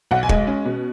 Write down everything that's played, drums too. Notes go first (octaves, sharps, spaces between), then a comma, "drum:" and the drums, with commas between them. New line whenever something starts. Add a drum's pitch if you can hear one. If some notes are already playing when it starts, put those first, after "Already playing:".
B1 F#5
G#5
G#3, drum: kick
C#4
B2